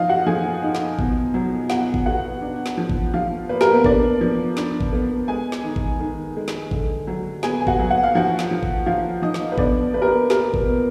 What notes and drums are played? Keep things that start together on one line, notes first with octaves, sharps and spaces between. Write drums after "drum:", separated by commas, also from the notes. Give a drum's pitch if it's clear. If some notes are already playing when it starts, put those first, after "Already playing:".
Already playing: F3 D#4 F4 D#5 F5
F#4 F#5
F3 G#4 G#5
D#4
drum: snare
B2, drum: kick G#1
F#3
B2 F#4 F#5, drum: snare
drum: kick G#1
B3 F#4 F#5
D4
drum: snare
F3
drum: kick G#1
F3 F4 F5
A#3 B4
A#4, drum: snare
B3 B4
B3 D4 D5, drum: kick G#1
F3
D4, drum: snare
drum: kick G#1
B3
G#3 G#4 G#5
drum: snare
D#3
drum: kick G#1
D#3
G#3
drum: snare
D3, drum: kick G#1
F#3
B3 G#4 G#5, drum: snare
G#5
F#4 F#5, drum: kick G#1
F#3
F#5
F5
F3 F#4 F#5
drum: snare
F3
drum: kick G#1
F3 F4 F5
F3 D#4 D#5
drum: snare
B4
B3 D4 D5, drum: kick G#1
B3 B4
A#4
B3 B4
B2 A#3 A#4, drum: snare
drum: kick G#1
B2